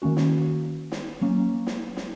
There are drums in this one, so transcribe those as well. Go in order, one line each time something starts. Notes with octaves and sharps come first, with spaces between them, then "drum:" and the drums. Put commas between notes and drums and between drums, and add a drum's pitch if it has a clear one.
D#3 A#3 C#4 F#4
drum: snare
drum: snare
F#3 A#3 C#4
drum: snare
drum: snare